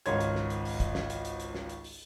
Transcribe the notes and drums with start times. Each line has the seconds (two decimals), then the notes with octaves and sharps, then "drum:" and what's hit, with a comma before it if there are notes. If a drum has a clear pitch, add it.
0.06 G#1 C#2 A#4 C#5 C6 G#6, drum: hi-hat
0.20 drum: hi-hat
0.35 drum: snare
0.50 drum: hi-hat
0.65 drum: open hi-hat
0.80 drum: kick, hi-hat
0.95 drum: snare
1.10 drum: hi-hat
1.25 drum: hi-hat
1.40 drum: hi-hat
1.55 drum: snare
1.69 drum: hi-hat
1.84 drum: open hi-hat